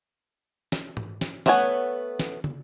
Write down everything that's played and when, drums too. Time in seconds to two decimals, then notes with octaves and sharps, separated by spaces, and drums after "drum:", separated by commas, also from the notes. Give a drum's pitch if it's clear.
0.72 drum: snare
0.97 drum: tom G#2
1.21 drum: snare
1.46 A3 B3 C#5 F#5 G#5, drum: snare
2.20 drum: snare
2.44 drum: tom